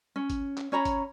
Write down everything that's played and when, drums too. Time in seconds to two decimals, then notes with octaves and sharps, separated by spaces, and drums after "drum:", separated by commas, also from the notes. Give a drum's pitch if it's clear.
0.16 C#4
0.30 drum: kick, hi-hat
0.58 drum: clap
0.72 C#4 C#5 A#5 B5
0.85 drum: kick, hi-hat